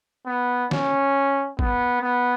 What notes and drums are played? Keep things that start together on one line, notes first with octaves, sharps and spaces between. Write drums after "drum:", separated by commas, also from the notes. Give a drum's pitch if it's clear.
B3
C#4, drum: snare
B3, drum: kick
B3